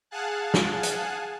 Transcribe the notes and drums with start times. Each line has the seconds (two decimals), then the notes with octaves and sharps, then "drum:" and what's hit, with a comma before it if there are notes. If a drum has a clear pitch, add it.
0.11 G#4 F5 F#5 G#5 A5 F#6
0.54 drum: snare
0.83 drum: hi-hat